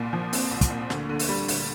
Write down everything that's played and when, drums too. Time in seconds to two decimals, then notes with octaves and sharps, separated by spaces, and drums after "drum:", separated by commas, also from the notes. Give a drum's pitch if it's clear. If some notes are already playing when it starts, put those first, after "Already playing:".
Already playing: C2 A#2
0.13 F3
0.33 C4, drum: open hi-hat
0.51 C2
0.61 drum: kick, hi-hat
0.70 A#2
0.90 D2, drum: snare
1.09 D3
1.19 drum: open hi-hat
1.29 G3
1.48 D2, drum: open hi-hat